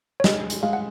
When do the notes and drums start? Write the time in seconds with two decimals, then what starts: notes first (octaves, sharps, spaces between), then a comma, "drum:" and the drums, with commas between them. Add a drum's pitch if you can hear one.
0.20 C#5
0.24 G#3 D#5, drum: snare
0.50 drum: hi-hat
0.63 G#3 F5
0.73 F#5